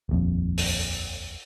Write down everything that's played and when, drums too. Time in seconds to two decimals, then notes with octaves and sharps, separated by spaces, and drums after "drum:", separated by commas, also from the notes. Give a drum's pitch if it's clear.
0.09 D#1 A#1 F2
0.58 drum: open hi-hat